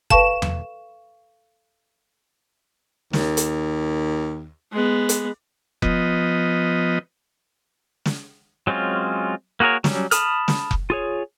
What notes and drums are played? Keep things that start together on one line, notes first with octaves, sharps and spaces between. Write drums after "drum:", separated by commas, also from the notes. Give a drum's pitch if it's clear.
A4 B4 F5 A5 C#6 E7, drum: kick F1
drum: tom E2
D#2, drum: snare
drum: hi-hat
G#3 B3
drum: hi-hat
F3 B3 D#5, drum: kick F1
drum: snare
F#3 G#3 C4 C#4 F4
A#3 F#4 G#4 A#4 C#5
F#3 G3 C#4, drum: snare
A5 B5 D#6 F6, drum: hi-hat
drum: snare
drum: kick F1
F4 G#4 C#5